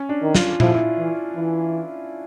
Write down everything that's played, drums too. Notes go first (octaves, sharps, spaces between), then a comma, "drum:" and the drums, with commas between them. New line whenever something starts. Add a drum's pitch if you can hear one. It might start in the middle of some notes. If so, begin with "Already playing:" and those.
Already playing: C#4
D4
D#3
F4, drum: snare
F3 E4, drum: tom A#2
F4
E4
E3
E3